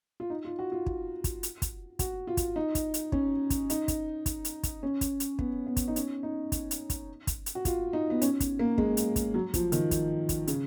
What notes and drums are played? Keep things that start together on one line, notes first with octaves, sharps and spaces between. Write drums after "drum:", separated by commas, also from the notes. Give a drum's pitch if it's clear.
F4
D#4
F4
F#4
F4
drum: kick
drum: kick, hi-hat
drum: hi-hat
drum: kick, hi-hat
F#4, drum: kick, hi-hat
F4
drum: kick, hi-hat
D#4
drum: kick, hi-hat
drum: hi-hat
C#4, drum: kick
drum: kick, hi-hat
D#4, drum: hi-hat
drum: kick, hi-hat
drum: kick, hi-hat
drum: hi-hat
drum: kick, hi-hat
C#4
drum: kick, hi-hat
drum: hi-hat
B3, drum: kick
B3
drum: kick, hi-hat
D#4
C#4, drum: hi-hat
D#4
drum: kick, hi-hat
drum: hi-hat
drum: kick, hi-hat
drum: kick, hi-hat
drum: hi-hat
F#4
F4, drum: kick, hi-hat
D#4
B3
C#4, drum: hi-hat
drum: kick, hi-hat
A#3
G#3, drum: kick
drum: hi-hat
drum: kick, hi-hat
F#3
F3, drum: kick, hi-hat
D#3, drum: hi-hat
drum: kick, hi-hat
drum: kick, hi-hat
C#3, drum: hi-hat